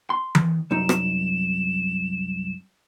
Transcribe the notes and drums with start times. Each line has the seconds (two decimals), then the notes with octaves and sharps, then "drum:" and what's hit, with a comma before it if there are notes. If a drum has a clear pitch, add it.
0.10 C6
0.35 drum: tom E3
0.71 C2 F#2 D#4 E7
0.89 drum: rim click